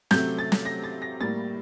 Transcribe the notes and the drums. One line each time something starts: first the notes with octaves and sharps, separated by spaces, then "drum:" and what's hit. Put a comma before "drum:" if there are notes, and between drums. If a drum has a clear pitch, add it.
C3 F#3 A3 C4 G6, drum: snare
A6
drum: snare
A#6
A6
A#6
A2 G3 A#3 A6